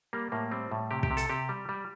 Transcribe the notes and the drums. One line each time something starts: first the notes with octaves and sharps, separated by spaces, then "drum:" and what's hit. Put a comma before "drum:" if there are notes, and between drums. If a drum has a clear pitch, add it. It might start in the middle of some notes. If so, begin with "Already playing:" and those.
G3 A#3
A2 A#3
G3 C4
A2
C3 G4
G4, drum: kick
C3
A4, drum: hi-hat
C3 G4
G3
G3